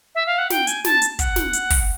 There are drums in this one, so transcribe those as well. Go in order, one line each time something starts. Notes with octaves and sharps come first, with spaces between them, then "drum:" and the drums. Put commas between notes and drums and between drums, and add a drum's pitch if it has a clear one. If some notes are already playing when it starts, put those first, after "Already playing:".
E5
F5
F#5
G5, drum: snare
G#5, drum: hi-hat
A5, drum: snare
drum: hi-hat
F#5, drum: kick, hi-hat
drum: snare
drum: hi-hat
drum: kick, open hi-hat